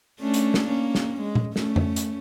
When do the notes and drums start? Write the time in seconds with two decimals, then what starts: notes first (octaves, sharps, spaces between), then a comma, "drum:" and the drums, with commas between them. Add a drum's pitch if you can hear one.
0.19 A3 C#4 D4
0.34 drum: hi-hat
0.54 drum: snare
0.67 A#3 C#4
0.95 drum: snare
1.21 G#3
1.35 drum: tom A#2
1.56 A3 C#4, drum: snare
1.76 drum: tom F2
1.96 drum: hi-hat